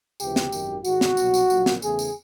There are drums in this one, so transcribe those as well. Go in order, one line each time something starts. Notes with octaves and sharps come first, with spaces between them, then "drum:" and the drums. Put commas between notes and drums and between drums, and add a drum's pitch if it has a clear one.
C#2 C3 E3 G4, drum: tambourine
drum: snare
G#1 F#2 D#3, drum: tambourine
G#2 D#3 G#3 F#4, drum: tambourine
drum: snare
C2 B2 F#3, drum: tambourine
drum: tambourine
A#1 A#2 F#3 A#3, drum: tambourine
drum: snare
E2 C#3 E3 A3 G#4, drum: tambourine
drum: tambourine